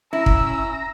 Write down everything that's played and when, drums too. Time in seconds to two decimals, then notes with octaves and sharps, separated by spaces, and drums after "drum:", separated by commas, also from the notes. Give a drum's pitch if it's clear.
0.13 C#4 E4 A#5 E6
0.26 drum: kick